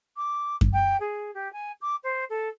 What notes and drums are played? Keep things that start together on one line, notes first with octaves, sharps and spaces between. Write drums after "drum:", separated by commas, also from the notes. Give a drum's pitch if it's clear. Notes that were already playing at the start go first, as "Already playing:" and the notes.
D6
drum: kick F#2
G5
G#4
G4
G#5
D6
C5
A4